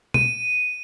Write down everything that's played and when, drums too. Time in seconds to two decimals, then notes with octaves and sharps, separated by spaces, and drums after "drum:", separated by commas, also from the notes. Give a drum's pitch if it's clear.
0.14 D#7, drum: tom B2